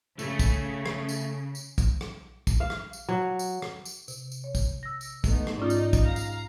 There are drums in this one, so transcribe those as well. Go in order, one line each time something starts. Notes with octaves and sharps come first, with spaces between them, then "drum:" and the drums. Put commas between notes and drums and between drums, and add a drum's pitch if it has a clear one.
C#3 A3, drum: tambourine
drum: kick, tambourine
drum: rim click
drum: tambourine
drum: tambourine
drum: kick, tambourine
drum: rim click
drum: kick, tambourine
F5
drum: rim click
drum: tambourine
F#3
drum: tambourine
drum: rim click
drum: tambourine
C3, drum: tambourine
drum: tambourine
C#5
drum: kick, tambourine
E6 A#6
drum: tambourine
A3 B3 D#4, drum: kick, tambourine
drum: rim click
G#2 C#4 D#4 F4 D5
drum: tambourine
drum: kick, tambourine
F5 A#5
drum: tambourine